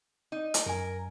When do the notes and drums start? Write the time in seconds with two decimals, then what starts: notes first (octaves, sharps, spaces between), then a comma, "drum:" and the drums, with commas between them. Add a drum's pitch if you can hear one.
0.32 D#4
0.54 drum: hi-hat
0.66 F#2 A#4 G#5